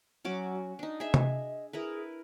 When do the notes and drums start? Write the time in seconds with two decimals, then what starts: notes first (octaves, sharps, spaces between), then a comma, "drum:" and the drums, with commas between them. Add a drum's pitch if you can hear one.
0.25 F#3 C#4 F#4 D6
0.79 D4 D#4
1.00 G#4 D#5 E5
1.14 drum: tom C3
1.73 E4 G#4 A#4 B4